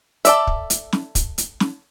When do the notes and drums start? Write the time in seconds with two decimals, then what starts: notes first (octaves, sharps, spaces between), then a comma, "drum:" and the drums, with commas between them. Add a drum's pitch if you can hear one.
0.25 A4 D5 E5, drum: hi-hat
0.47 drum: kick
0.70 drum: hi-hat
0.93 drum: snare
1.15 drum: kick, hi-hat
1.38 drum: hi-hat
1.60 drum: snare